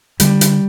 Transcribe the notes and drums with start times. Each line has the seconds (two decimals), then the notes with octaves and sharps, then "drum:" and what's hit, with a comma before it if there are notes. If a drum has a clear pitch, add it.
0.20 D3 G3, drum: hi-hat
0.41 drum: hi-hat